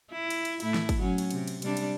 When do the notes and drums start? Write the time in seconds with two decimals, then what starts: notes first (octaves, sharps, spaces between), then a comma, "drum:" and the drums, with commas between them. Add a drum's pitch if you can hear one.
0.12 E4
0.30 drum: cymbal
0.45 drum: cymbal
0.60 A2 A3 E4, drum: cymbal
0.74 drum: snare
0.89 drum: kick, cymbal
0.99 F#3 C#4
1.18 drum: cymbal
1.31 C3, drum: cymbal
1.47 drum: cymbal
1.62 C3 G3 D4, drum: cymbal
1.77 drum: cymbal